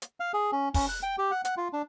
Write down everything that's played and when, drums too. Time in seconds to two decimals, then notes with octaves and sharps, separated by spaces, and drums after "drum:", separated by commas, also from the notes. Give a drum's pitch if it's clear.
0.02 drum: hi-hat
0.20 F5
0.34 G#4
0.52 C#4
0.74 C#4, drum: kick, open hi-hat
0.89 F#6
1.03 G5
1.18 G4
1.31 F#5
1.45 F#5, drum: hi-hat
1.57 F4
1.73 D4